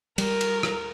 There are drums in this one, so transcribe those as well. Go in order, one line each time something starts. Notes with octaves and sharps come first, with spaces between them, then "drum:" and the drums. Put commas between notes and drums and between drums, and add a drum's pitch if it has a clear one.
G3 A#4, drum: cymbal
drum: cymbal
drum: rim click